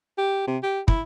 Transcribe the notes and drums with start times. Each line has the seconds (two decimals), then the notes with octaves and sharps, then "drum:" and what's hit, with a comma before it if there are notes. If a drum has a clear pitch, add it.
0.18 G4
0.47 C3
0.63 G4
0.88 E4, drum: kick